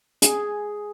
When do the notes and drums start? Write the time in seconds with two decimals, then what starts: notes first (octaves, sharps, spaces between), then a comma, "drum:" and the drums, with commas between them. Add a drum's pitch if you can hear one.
0.22 G#4, drum: hi-hat